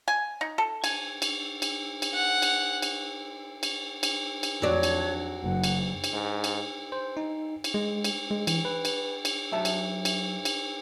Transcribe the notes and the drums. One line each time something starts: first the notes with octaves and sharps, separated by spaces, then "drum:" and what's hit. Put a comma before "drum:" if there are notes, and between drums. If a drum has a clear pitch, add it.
G#5
D#4
A4
G#5, drum: cymbal
drum: cymbal
drum: cymbal
drum: cymbal
F#5
drum: cymbal
drum: cymbal
drum: cymbal
drum: cymbal
drum: cymbal
F2 F#3 D4 C#5
drum: cymbal
F#1 F#5
drum: cymbal
drum: cymbal
G#2
drum: cymbal
C5
D#4
drum: cymbal
G#3
drum: cymbal
G#3
E3, drum: cymbal
B4
drum: cymbal
drum: cymbal
F#2 E5 A5
drum: cymbal
drum: cymbal
drum: cymbal